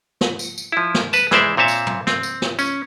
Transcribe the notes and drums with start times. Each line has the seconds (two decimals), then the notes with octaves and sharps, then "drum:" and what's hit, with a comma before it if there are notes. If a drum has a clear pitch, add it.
0.21 drum: snare
0.39 drum: tambourine
0.58 drum: tambourine
0.72 F3 E4
0.94 drum: snare
1.13 B4 A5, drum: tambourine
1.31 E3 G#3 C5 D5 E5, drum: snare
1.57 A#2 C4 C#5 E5 A5
1.68 drum: tambourine
1.86 drum: tom
2.07 C4, drum: snare
2.23 drum: tambourine
2.42 drum: snare
2.59 C#4, drum: tambourine